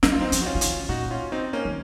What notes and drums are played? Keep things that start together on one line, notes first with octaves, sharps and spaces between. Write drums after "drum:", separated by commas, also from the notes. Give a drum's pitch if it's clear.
F#3 D#4, drum: snare
F4
C4 D#4
F3, drum: hi-hat
F#4
C#4 F4
F3
D#3, drum: hi-hat
A#2 D#4 F#4
C#4 F4
C4 D#4
A#3 C#4
D#3